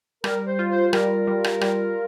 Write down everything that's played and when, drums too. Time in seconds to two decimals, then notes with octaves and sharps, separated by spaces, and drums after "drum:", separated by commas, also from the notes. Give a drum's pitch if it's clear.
0.24 G3 A#4, drum: rim click
0.46 C5
0.59 F4
0.70 C5
0.93 G3 A#4, drum: rim click
1.27 G3
1.44 drum: rim click
1.61 G3, drum: rim click